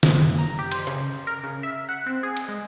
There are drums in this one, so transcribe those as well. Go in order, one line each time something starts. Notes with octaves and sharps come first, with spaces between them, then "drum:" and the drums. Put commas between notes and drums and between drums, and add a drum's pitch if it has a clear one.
drum: snare
F#2
A#5
G4
C5, drum: cymbal
C#3, drum: hi-hat
A#4
C#3
E5
F#5
C4
G#4
drum: cymbal
G#3